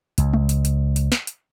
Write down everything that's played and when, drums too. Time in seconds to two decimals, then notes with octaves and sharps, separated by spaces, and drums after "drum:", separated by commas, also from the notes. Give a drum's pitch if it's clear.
0.18 C#2, drum: hi-hat
0.33 drum: tom G#3
0.49 drum: hi-hat
0.65 drum: hi-hat
0.96 drum: hi-hat
1.12 drum: snare
1.27 drum: hi-hat